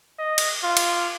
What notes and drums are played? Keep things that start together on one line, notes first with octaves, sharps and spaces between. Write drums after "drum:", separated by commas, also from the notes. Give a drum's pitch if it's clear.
D#5
drum: cymbal
F4
drum: cymbal